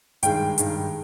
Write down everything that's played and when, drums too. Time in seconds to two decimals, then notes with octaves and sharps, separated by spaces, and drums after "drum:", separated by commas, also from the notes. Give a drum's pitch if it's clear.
0.23 G2 D#3 G#3 G5, drum: hi-hat
0.58 G2 D#3 G#3, drum: hi-hat